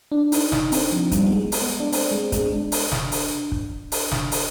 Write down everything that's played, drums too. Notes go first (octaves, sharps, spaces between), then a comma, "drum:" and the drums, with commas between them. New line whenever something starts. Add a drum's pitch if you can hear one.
D4
D#4, drum: open hi-hat
D#4, drum: snare
C4, drum: open hi-hat
F3
G3, drum: kick, hi-hat
B3
G#3
drum: open hi-hat
B3
D4
C4, drum: open hi-hat
G#3
G#3, drum: kick, hi-hat
D4
drum: open hi-hat
drum: snare
drum: open hi-hat
drum: kick
drum: open hi-hat
drum: snare
drum: open hi-hat